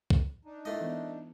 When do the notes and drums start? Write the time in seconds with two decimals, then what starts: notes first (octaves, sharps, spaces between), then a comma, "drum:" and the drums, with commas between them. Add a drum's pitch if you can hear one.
0.10 drum: kick
0.45 D4 D#4
0.65 A#2 G#3 A3 E4 A4 D#5
0.81 E3 B3